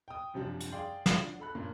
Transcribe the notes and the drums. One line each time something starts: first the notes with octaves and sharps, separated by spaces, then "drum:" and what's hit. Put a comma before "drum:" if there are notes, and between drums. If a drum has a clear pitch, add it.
G5 D#6
F#2 C3 F3 G3 D4
drum: hi-hat
G#4 D5 F5 G5 C6
D4 F4 F#4, drum: snare
A4 B5 F#6
G2 A#2 C#3 A#3